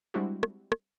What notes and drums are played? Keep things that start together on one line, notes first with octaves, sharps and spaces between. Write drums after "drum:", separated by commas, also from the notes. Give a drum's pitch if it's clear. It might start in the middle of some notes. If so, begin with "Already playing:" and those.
G3 G#3 C4 D4 E4 F#4
drum: rim click
drum: rim click